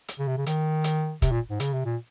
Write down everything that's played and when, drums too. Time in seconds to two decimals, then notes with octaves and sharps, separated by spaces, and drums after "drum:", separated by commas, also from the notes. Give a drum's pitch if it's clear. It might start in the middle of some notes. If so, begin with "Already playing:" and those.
0.08 drum: hi-hat
0.18 C#3
0.27 C3
0.37 C#3
0.46 D#3, drum: hi-hat
0.84 drum: hi-hat
1.22 C3, drum: kick, hi-hat
1.31 A#2
1.50 G#2
1.60 C#3, drum: hi-hat
1.73 C3
1.85 A#2